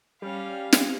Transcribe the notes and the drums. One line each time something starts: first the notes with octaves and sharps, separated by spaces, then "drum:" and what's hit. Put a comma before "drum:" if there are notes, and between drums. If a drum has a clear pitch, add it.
G3 C#4 F5
drum: snare